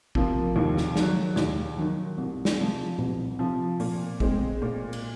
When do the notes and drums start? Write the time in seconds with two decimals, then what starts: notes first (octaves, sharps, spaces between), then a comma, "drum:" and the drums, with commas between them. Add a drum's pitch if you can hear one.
0.15 C3 F3 A#3, drum: kick
0.56 D#2
0.78 drum: snare
0.96 D#3 F#3, drum: snare
1.36 D#2, drum: snare
1.77 D#3 F#3
2.18 C2
2.45 drum: snare
2.58 C3 F3
2.99 C2, drum: tom A#2
3.39 C3 F3
3.80 A#2, drum: open hi-hat
4.20 G#3 C4, drum: kick
4.62 A#2
4.93 drum: cymbal